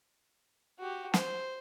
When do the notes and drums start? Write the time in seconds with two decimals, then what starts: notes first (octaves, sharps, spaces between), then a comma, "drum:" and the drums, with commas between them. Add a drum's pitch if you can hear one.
0.79 F#4 G4
1.14 C5, drum: snare